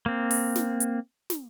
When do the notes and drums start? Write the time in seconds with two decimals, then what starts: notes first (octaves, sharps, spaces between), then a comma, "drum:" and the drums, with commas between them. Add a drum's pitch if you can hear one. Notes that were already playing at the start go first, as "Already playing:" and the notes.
0.06 A#3 C4
0.31 drum: open hi-hat
0.55 drum: snare
0.80 drum: hi-hat
1.30 drum: snare